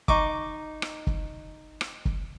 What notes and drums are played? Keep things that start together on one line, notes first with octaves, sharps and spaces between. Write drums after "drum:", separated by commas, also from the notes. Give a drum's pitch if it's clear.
D#4 C#6 D6, drum: kick
drum: rim click
drum: kick
drum: rim click
drum: kick